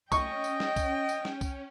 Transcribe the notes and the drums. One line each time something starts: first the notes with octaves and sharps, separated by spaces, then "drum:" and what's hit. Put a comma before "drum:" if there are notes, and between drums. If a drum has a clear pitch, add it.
C#4 D#5 G5 C#6, drum: kick, tambourine
drum: tambourine
drum: snare
drum: kick, tambourine
drum: tambourine
drum: snare
drum: kick, tambourine